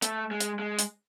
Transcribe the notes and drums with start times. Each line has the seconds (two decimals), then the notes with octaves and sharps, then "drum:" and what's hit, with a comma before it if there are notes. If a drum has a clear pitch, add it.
0.02 A3, drum: hi-hat
0.31 G#3
0.40 drum: hi-hat
0.59 G#3
0.79 drum: hi-hat